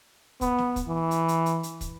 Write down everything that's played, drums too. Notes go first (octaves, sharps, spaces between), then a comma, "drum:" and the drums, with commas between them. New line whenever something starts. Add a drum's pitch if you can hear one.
B3, drum: kick, hi-hat
drum: snare
drum: kick, hi-hat
E3
drum: hi-hat
drum: hi-hat
drum: hi-hat
drum: hi-hat
drum: kick, hi-hat